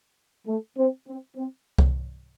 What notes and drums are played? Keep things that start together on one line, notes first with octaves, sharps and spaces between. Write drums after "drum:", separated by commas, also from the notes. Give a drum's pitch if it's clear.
A3
C4
C4
C4
drum: kick C2